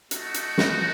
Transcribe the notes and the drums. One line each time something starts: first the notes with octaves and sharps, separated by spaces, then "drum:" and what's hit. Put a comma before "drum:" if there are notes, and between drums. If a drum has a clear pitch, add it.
A3 D#4 F#4, drum: hi-hat
drum: hi-hat
drum: snare